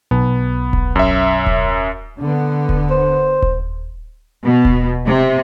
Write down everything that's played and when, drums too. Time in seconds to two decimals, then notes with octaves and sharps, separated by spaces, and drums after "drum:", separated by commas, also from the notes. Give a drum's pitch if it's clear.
0.11 B1 B3
0.73 drum: kick D#1
0.96 F#2 E5
1.47 drum: kick D#1
2.20 D3 B3
2.69 drum: kick D#1
2.90 C5
3.42 drum: kick D#1
4.45 B2
4.65 drum: kick D#1
5.06 C3